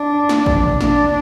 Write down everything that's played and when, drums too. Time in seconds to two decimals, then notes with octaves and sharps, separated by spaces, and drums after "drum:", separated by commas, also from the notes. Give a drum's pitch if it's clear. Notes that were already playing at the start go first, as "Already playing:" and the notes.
Already playing: D4
0.29 drum: snare
0.46 drum: kick A1
0.63 drum: tom
0.81 D4, drum: snare